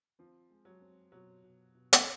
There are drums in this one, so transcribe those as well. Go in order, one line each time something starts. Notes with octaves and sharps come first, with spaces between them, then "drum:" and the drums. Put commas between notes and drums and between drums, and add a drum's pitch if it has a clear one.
F3 C4
G#3
F#3
C4
B2 F#3
B2
B2
drum: hi-hat